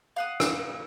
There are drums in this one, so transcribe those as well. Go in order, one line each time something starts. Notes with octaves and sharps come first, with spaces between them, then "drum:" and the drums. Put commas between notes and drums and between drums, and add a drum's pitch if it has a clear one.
F5 F#5 D#6
drum: rim click